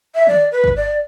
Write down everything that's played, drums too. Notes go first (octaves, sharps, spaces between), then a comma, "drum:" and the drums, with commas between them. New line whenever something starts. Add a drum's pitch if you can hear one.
E5
D5, drum: tom
B4
drum: kick
D5